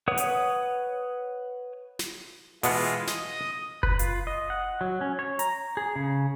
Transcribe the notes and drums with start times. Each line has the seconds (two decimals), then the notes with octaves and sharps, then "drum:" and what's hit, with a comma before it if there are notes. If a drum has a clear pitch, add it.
0.08 B4 C#5 F#5 D#6
0.18 drum: hi-hat
1.99 drum: snare
2.63 B2 E3 G#3 B3 F4 F#5, drum: open hi-hat
3.07 D#5 D#6, drum: snare
3.83 B4, drum: kick F#1
3.99 F4, drum: hi-hat
4.27 D#5
4.50 F#5
4.81 F#3
5.01 C#4
5.19 C#5
5.39 A#5, drum: hi-hat
5.77 G#4
5.96 C#3